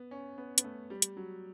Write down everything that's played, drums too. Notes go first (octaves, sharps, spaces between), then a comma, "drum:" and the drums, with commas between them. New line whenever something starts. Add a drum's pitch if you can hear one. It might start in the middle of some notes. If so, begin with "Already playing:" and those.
Already playing: B3
C#4
B3
B3, drum: hi-hat
A3
G3
drum: hi-hat
F#3